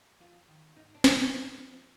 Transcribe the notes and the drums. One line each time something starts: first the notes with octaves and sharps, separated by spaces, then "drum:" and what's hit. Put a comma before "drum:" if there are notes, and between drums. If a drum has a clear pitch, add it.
F2 F4
D#3
G#2 D#4
D4
D#3, drum: snare
B3
F2
F3